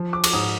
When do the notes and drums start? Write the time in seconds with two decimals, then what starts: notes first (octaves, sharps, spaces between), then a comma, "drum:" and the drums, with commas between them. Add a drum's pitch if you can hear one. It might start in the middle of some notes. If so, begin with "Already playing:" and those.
Already playing: F3
0.13 D6
0.24 D6, drum: cymbal
0.33 G#2 D#6